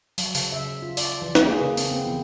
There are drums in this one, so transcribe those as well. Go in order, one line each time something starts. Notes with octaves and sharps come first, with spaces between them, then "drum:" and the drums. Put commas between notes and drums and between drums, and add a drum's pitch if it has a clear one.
F#3, drum: open hi-hat
C#3, drum: open hi-hat
E5
F4
D5, drum: open hi-hat
E3
A#3, drum: snare
G#4
C#3
C4, drum: open hi-hat
B3
E3